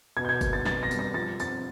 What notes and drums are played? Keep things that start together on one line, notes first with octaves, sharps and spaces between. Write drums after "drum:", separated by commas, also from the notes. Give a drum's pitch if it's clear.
B2 G#6
G6
G#6
A#3, drum: kick F#1, tambourine
A6
B2 A6, drum: snare
A#6
G3, drum: tambourine
A#6
F3 A6
C4 A6, drum: tambourine